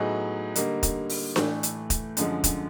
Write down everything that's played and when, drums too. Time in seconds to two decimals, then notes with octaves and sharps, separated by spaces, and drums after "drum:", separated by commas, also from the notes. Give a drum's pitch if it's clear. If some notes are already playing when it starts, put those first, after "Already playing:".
Already playing: A2 F#3 B3 D#4 G#4
0.56 D3 G3 A#3 D#4, drum: hi-hat
0.83 drum: kick, hi-hat
1.09 drum: open hi-hat
1.36 A2 E3 A3, drum: snare D4
1.63 drum: hi-hat
1.90 drum: kick, hi-hat
2.17 F#2 D3 F3 G#3, drum: hi-hat
2.44 drum: kick, hi-hat